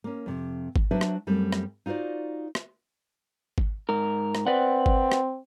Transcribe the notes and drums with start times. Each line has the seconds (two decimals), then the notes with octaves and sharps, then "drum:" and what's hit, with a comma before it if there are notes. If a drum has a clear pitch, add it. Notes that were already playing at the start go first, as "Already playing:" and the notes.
0.04 A#3 C#4
0.26 F2 C3
0.76 drum: kick G#1
0.91 F#3 D4 F#4 B4 C5 E5
1.01 drum: rim click
1.27 F#2 G3 A3 C4
1.53 drum: rim click
1.86 D#4 F4 F#4 C5 D5
2.55 drum: rim click
3.58 drum: kick G#1
3.89 G#2 A#4
4.35 drum: rim click
4.47 C4 B4 D5 F#5
4.86 drum: kick G#1
5.12 drum: rim click